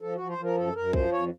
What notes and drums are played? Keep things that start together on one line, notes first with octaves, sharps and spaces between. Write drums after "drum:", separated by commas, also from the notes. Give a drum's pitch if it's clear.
F3 A4
F3 F#4
C5
F3
A#4
F#2 A4
F#2 A#4
F3 C5, drum: kick
F2 C#5